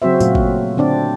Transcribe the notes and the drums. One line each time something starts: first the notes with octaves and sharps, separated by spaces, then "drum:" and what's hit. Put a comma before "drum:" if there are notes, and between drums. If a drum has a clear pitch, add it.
C#3 F#3 C4 F#4 C5 E5
A#2 F#3 A3 F4 F#4, drum: tambourine
drum: kick G#1
D3 C4 D4 D5